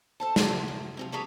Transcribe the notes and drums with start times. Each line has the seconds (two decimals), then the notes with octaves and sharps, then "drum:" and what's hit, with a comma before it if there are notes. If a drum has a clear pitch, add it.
0.20 A4 C5 A5
0.36 A#2 F#3, drum: snare
0.55 E4
0.68 F#2
0.97 C3 E3 F3
1.12 G4 G#4 A#4 B4 C#5 A5